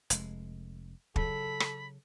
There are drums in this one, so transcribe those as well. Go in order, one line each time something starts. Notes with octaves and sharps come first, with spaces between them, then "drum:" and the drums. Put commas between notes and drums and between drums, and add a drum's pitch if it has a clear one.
F1 G#3, drum: hi-hat
C#3 F#3 A4 B5, drum: kick
drum: rim click